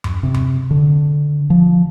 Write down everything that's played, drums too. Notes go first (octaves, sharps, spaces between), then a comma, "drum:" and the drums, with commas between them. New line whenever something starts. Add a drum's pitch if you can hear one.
drum: tom F#2
C3
drum: tom F#2
D3
F3